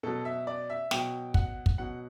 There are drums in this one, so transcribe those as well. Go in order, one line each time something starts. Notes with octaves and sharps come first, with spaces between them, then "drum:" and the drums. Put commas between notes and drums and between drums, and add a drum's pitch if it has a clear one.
B2 F#3 A4
E5
D5
E5
B2 F#3 G5, drum: snare
F#5, drum: kick
drum: kick
B2 F#3 F#5